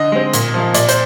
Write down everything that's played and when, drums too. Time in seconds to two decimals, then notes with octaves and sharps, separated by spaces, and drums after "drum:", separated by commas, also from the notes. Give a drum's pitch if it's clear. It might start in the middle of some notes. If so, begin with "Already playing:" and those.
Already playing: D3 D#5
0.12 G#3 C4
0.33 A#2, drum: hi-hat
0.54 F3 A#3
0.74 A#2 D5, drum: hi-hat
0.89 C5, drum: hi-hat